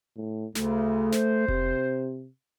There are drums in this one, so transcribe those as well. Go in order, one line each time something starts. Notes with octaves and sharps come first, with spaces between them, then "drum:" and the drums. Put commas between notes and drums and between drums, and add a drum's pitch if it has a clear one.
A2
D2 C#3 A3, drum: snare
C5, drum: snare
C3, drum: kick F1